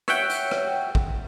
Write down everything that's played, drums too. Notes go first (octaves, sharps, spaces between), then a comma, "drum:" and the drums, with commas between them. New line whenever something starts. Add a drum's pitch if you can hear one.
C#5 E5 F#5 G5, drum: rim click
drum: hi-hat
drum: rim click
drum: kick